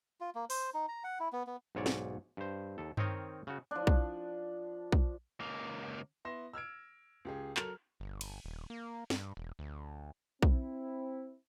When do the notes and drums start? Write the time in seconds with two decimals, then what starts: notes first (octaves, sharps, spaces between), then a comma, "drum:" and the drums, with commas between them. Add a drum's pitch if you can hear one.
0.20 F4
0.35 A#3
0.50 C5, drum: open hi-hat
0.74 D#4
0.88 A#5
1.04 F#5
1.20 E4
1.33 B3
1.47 B3
1.75 B1 G#2 C#5 D5
1.86 drum: snare
2.37 G2 C5
2.78 D#2 A4
2.97 D#3 C4 A#4 C#5 D#5, drum: tom G2
3.47 C#3 F#4
3.71 F3 D4
3.87 drum: kick
4.92 drum: kick
5.40 C#2 A#3
6.25 B3 E4 C6 A#6 E7
6.53 E6 F6 G#6 D7
7.25 C#2 G4 G#4
7.57 F#3 A4 A#4 F6 F7, drum: clap
8.00 G1
8.21 drum: cymbal
8.44 D#1
8.70 A#3
9.10 G2, drum: snare
9.37 E1
9.59 D2
10.42 C4 E4, drum: kick